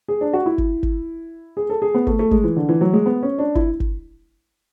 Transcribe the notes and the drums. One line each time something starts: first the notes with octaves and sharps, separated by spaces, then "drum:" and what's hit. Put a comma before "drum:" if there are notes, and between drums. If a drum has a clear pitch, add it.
G#4
D4
F#4
E4
drum: kick
drum: kick
G#4
A4
G#4
B3
A3, drum: kick
A3
G#3, drum: kick
E3
D3
E3
F#3
G#3
B3
C#4
D4
E4, drum: kick
drum: kick